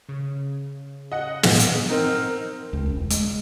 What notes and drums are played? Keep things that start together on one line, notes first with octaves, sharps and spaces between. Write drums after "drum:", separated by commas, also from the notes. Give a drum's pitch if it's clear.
C#3
D#5 F#5
drum: snare
drum: hi-hat
C4 D#4 A#4
C#2
E1
G#3, drum: hi-hat